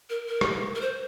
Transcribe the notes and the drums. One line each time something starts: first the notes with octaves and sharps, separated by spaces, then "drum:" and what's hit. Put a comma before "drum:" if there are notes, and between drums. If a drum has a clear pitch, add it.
A#4
A#4
drum: rim click
A#4
C5